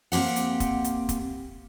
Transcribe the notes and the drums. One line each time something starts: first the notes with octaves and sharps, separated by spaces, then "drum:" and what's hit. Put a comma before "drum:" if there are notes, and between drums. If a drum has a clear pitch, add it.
A#3 C4 G4 F#5, drum: open hi-hat
drum: hi-hat
drum: kick, hi-hat
drum: hi-hat
drum: kick, hi-hat